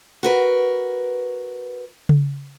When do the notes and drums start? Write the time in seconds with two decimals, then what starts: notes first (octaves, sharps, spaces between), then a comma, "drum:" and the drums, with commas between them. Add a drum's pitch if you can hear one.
0.23 F#4 A#4 B4
2.09 drum: tom C#3